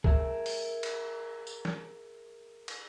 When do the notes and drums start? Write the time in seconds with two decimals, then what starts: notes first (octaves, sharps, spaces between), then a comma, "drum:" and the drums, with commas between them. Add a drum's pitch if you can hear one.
0.04 G#4 A#4 E5, drum: kick
0.46 drum: open hi-hat
0.83 drum: cymbal
1.47 drum: tambourine
1.65 drum: snare
2.68 drum: cymbal